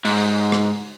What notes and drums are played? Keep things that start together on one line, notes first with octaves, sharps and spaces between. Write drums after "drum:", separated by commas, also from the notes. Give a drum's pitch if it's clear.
G#2, drum: open hi-hat
drum: rim click